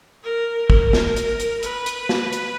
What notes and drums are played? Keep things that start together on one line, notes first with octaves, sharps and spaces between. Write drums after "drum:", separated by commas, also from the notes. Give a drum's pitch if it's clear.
A#4
A#4, drum: kick
drum: snare
drum: hi-hat
drum: hi-hat
B4, drum: hi-hat
drum: hi-hat
drum: snare
drum: hi-hat